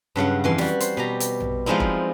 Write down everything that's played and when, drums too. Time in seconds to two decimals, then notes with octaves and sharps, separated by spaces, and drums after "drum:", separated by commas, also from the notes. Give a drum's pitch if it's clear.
0.16 G2 C#3 F#3 F#5
0.44 F2 E3 C6
0.58 G3 F#4, drum: snare
0.80 C5, drum: hi-hat
0.97 B2 G4 A#5
1.20 drum: hi-hat
1.40 drum: tom A#1
1.66 F3 G3 G#3 C4 D#4 E4
1.80 drum: kick F1